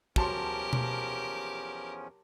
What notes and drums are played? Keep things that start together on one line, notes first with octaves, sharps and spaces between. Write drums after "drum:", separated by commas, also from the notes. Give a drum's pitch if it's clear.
E2 F3 F#3 C#4 G4 A#4 A5 C6, drum: kick
drum: tom B2